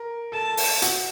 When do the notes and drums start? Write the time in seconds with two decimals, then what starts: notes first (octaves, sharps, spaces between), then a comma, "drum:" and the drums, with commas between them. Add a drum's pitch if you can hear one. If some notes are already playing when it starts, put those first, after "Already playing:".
Already playing: A#4
0.32 A4 A5
0.57 drum: open hi-hat
0.82 F#4, drum: hi-hat